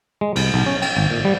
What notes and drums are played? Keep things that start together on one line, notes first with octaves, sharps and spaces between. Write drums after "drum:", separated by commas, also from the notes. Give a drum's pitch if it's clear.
G#3
C2, drum: cymbal
B1
C#4
G5, drum: cymbal
G#1
A#2
G3